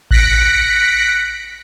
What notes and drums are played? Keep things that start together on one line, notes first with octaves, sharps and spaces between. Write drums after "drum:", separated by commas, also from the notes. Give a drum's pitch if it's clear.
F#6 A#6 B6 C#7 D7, drum: kick A1